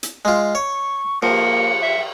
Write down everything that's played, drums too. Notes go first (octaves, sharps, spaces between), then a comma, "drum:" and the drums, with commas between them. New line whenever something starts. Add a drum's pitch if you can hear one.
drum: hi-hat
G#3 F4
C#5 C#6
F3 A#3 C#7, drum: cymbal
E5